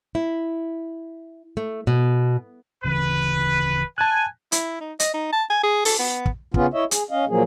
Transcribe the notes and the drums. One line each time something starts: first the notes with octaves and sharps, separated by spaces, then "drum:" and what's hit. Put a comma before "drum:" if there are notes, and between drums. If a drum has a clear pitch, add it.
E4
A3
B2
D1 C#3 E3 B4
G#5 A5 F#6
E4, drum: hi-hat
D#4
D#5, drum: hi-hat
D#4
A5
G#5
G#4
A4, drum: open hi-hat
B3
drum: kick
C#3 B3 C#4 F4, drum: kick
E4 C#5 D#5 E5
G#4, drum: hi-hat
C#4 D#5 F5
A#2 F3 F#3 A#3 G#4